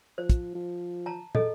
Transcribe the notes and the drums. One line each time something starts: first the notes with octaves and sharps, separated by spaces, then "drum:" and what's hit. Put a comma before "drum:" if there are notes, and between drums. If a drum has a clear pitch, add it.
F3 C5
drum: kick, hi-hat
F3
A5 A#5
G#4 A4 D#5, drum: tom